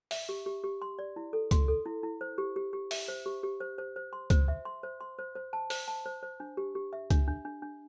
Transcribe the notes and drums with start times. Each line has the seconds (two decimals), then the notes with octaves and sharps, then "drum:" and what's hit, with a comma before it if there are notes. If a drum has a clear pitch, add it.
0.11 E5, drum: open hi-hat
0.29 G4
0.46 G4
0.64 G4
0.82 C6
0.99 D5
1.16 E4
1.33 A4
1.51 C6, drum: kick C#2, hi-hat
1.68 A4
1.85 E4
2.03 E4
2.21 C5
2.38 G4
2.56 G4
2.73 G4
2.91 E5, drum: open hi-hat
3.08 C5
3.26 G4
3.43 G4
3.60 C5
3.78 C5
3.96 C5
4.13 C6
4.30 C5, drum: kick C#2, hi-hat
4.48 E5
4.65 C6
4.83 C5
5.01 C6
5.19 C5
5.35 C5
5.53 A5
5.70 C5, drum: open hi-hat
5.88 A5
6.06 C5
6.23 C5
6.40 D4
6.57 G4
6.75 G4
6.93 E5
7.10 D4, drum: kick C#2, hi-hat
7.28 D4
7.45 D4
7.62 D4